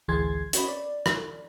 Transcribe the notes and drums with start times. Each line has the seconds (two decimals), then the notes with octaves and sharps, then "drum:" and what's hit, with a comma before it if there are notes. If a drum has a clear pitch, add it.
0.08 A1 D2 E3 G#4 C6 G#6
0.53 C#4 F#4 C#5 D#5 B5, drum: hi-hat
0.69 D5
1.06 drum: rim click